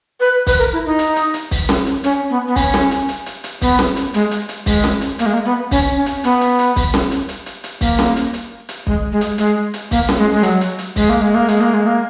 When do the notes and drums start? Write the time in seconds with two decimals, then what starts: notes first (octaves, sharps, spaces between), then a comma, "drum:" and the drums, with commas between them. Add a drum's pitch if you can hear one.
0.20 B4
0.47 B4, drum: kick, open hi-hat
0.59 A#4
0.73 E4
0.86 D#4
0.99 drum: hi-hat
1.16 drum: hi-hat
1.34 drum: hi-hat
1.51 drum: kick, open hi-hat
1.69 drum: snare C#4
1.86 drum: hi-hat
2.04 C#4, drum: hi-hat
2.30 B3
2.47 B3
2.56 C#4, drum: kick, open hi-hat
2.74 drum: snare C#4
2.91 drum: hi-hat
3.09 drum: hi-hat
3.26 drum: hi-hat
3.44 drum: hi-hat
3.61 B3, drum: kick, open hi-hat
3.79 drum: snare C#4
3.96 drum: hi-hat
4.14 G#3, drum: hi-hat
4.31 drum: hi-hat
4.49 drum: hi-hat
4.66 G#3, drum: kick, open hi-hat
4.84 drum: snare C#4
5.01 drum: hi-hat
5.19 A#3, drum: hi-hat
5.26 G#3
5.34 A#3
5.45 B3
5.71 C#4, drum: kick, open hi-hat
5.97 C#4
6.06 drum: hi-hat
6.24 B3, drum: hi-hat
6.41 drum: hi-hat
6.59 drum: hi-hat
6.76 drum: kick, open hi-hat
6.94 drum: snare C#4
7.11 drum: hi-hat
7.29 drum: hi-hat
7.46 drum: hi-hat
7.64 drum: hi-hat
7.81 A#3, drum: kick, open hi-hat
7.99 drum: snare C#4
8.16 drum: hi-hat
8.34 drum: hi-hat
8.69 drum: hi-hat
8.87 G#3, drum: kick
9.12 G#3
9.21 drum: hi-hat
9.38 G#3, drum: hi-hat
9.74 drum: hi-hat
9.91 A#3, drum: kick, open hi-hat
10.09 drum: snare C#4
10.18 G#3
10.33 G#3
10.43 F#3, drum: hi-hat
10.61 drum: hi-hat
10.79 drum: hi-hat
10.96 G#3, drum: kick, open hi-hat
11.09 A#3
11.22 G#3
11.35 A#3
11.48 G#3, drum: hi-hat
11.61 A#3
11.74 G#3
11.87 A#3